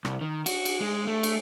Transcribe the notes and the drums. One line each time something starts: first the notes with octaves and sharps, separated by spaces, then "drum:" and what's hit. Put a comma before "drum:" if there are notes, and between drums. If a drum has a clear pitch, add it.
C2, drum: rim click
D#3
F#4, drum: cymbal
drum: cymbal
G#3
A3
drum: cymbal